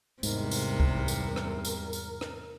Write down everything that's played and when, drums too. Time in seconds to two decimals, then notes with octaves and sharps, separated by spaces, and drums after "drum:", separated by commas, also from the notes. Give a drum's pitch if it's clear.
0.23 E2 G#2 C3 G3 A#4, drum: tambourine
0.51 drum: tambourine
0.80 drum: kick C#2
1.08 drum: tambourine
1.36 drum: rim click
1.65 drum: tambourine
1.93 drum: tambourine
2.21 drum: rim click